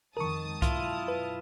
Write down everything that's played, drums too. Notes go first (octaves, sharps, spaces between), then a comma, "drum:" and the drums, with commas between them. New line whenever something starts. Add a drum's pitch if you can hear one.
F2 D#3 G#3 A#4 A5 C#6 D#6
F#2 B2 E4 F4, drum: kick C2, hi-hat
B4